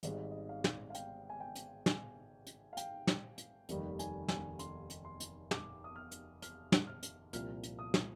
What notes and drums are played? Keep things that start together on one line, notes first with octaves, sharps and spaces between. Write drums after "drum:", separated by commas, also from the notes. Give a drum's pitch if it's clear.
G#1 G#2 G3 D#5, drum: hi-hat
D#5
F5
drum: snare
F5
G5, drum: hi-hat
G#5
G5
drum: hi-hat
G#5, drum: snare
drum: hi-hat
F5
G5, drum: hi-hat
drum: snare
drum: hi-hat
F1 D#2 D#3 G3, drum: hi-hat
G#5, drum: hi-hat
G#5, drum: snare
C6, drum: hi-hat
drum: hi-hat
C6
drum: hi-hat
D6, drum: snare
D#6
F6
drum: hi-hat
F6, drum: hi-hat
drum: snare
F6
drum: hi-hat
C2 A#2 F3 F6, drum: hi-hat
drum: hi-hat
D#6
drum: snare